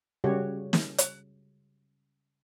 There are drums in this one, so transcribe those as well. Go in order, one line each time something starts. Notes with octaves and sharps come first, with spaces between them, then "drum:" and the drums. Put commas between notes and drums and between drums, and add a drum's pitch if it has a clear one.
C#3 G3 F#4 G4 C#5
drum: snare
drum: hi-hat